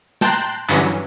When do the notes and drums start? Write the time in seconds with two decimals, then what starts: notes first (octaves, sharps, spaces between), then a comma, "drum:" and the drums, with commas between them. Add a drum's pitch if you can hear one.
0.21 G5 A5 A#5 C6 F#6 G6, drum: snare
0.69 G2 D3 E3 F#3 C#4, drum: clap